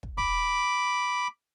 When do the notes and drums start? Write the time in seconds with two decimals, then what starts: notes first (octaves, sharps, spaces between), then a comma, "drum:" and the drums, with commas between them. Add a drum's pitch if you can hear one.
0.03 drum: kick
0.18 B5 D6, drum: kick